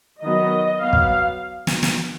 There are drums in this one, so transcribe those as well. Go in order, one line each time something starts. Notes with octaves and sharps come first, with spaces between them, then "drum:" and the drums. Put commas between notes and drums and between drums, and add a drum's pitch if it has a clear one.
D#3 F#3 B3 D#5
F#3 B3 F5
drum: kick
drum: snare
drum: snare